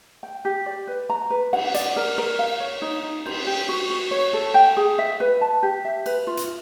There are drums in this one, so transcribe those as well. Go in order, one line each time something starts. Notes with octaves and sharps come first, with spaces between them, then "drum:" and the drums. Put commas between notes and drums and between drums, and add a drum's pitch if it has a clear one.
G5
G4
D5
B4
A#5
B4
F#5, drum: cymbal
D5, drum: hi-hat
A#4
A#4
F5
C#5
D#4
D#4
C5, drum: cymbal
G4
F#4
F#4
C#5
A4
G5
G#4
E5
B4
A5
G4
E5
B4, drum: cymbal
F4
drum: hi-hat